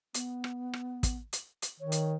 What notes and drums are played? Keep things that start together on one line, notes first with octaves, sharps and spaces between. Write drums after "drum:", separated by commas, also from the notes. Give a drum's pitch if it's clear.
B3, drum: hi-hat
drum: rim click
drum: rim click
drum: kick, hi-hat
drum: hi-hat
drum: hi-hat
D#3 C#5
drum: hi-hat